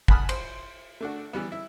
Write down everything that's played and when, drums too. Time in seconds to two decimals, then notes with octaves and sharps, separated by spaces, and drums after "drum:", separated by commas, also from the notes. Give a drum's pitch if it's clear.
0.08 F#5 G#5 A5 B5 D#6 F6, drum: kick
0.29 C5, drum: cymbal
1.01 A3 D4 F#4
1.33 E3 G3 B3
1.52 E4